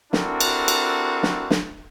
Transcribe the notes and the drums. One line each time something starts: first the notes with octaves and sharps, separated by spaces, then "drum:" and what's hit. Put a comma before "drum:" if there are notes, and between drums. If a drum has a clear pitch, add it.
C4 D4 E4 F#4 A4 A#4, drum: snare
drum: cymbal
drum: cymbal
drum: snare
drum: snare